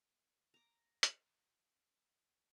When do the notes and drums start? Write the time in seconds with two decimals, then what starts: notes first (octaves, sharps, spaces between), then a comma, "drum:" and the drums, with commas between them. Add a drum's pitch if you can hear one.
0.54 A#5 D6
1.03 drum: hi-hat